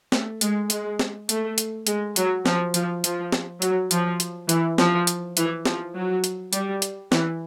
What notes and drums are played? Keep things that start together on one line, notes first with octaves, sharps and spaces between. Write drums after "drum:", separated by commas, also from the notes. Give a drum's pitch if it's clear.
A3, drum: snare
G#3, drum: hi-hat
G#3, drum: hi-hat
drum: snare
A3, drum: hi-hat
drum: hi-hat
G#3, drum: hi-hat
F#3, drum: hi-hat
F3, drum: snare
F3, drum: hi-hat
F3, drum: hi-hat
drum: snare
F#3, drum: hi-hat
F3, drum: hi-hat
drum: hi-hat
E3, drum: hi-hat
F3, drum: snare
drum: hi-hat
E3, drum: hi-hat
F3, drum: snare
F#3
drum: hi-hat
G3, drum: hi-hat
drum: hi-hat
E3, drum: snare